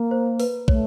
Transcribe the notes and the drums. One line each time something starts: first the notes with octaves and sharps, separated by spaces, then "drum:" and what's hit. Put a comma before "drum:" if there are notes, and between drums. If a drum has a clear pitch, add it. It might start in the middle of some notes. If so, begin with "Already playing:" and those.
Already playing: A#3
C5
B4, drum: open hi-hat
A3 C#5, drum: kick